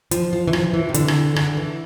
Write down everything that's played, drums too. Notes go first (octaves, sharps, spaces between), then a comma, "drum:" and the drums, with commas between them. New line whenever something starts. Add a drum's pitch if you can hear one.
F3, drum: hi-hat
F3
E3
F3, drum: rim click
E3
C3
D3, drum: hi-hat
drum: rim click
D3, drum: rim click
E3